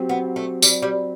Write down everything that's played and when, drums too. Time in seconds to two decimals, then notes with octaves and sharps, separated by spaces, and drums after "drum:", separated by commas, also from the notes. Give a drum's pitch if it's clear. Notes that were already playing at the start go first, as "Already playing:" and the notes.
Already playing: F#3 C4 G4
0.09 B3
0.36 A3
0.62 G3, drum: tambourine
0.82 G3